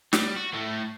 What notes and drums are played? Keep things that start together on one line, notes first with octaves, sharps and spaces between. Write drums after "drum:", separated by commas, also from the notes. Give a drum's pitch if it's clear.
G3, drum: snare
F#4
A2 A3